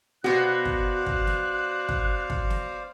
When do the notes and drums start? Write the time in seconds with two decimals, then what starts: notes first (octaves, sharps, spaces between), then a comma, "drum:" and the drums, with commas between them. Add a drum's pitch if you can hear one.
0.24 B2 B3 F#4 C5 D5 F5 F#6
0.65 drum: kick
1.06 drum: kick
1.27 drum: snare
1.89 drum: kick
2.30 drum: kick
2.50 drum: snare